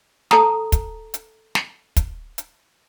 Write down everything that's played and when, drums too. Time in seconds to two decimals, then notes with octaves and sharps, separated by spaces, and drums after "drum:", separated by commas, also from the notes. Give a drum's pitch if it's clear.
0.31 A4 A5 A#5 D#6, drum: snare
0.72 drum: kick, hi-hat
1.14 drum: hi-hat
1.55 drum: snare
1.96 drum: kick, hi-hat
2.38 drum: hi-hat